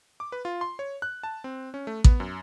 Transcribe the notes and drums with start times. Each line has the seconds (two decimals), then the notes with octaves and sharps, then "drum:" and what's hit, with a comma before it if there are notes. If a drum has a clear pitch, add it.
0.20 D6
0.32 B4
0.45 F4
0.61 C6
0.79 C#5
1.02 F#6
1.23 A5
1.44 C4
1.74 C#4
1.87 A3
2.04 B3, drum: kick A1
2.20 F#2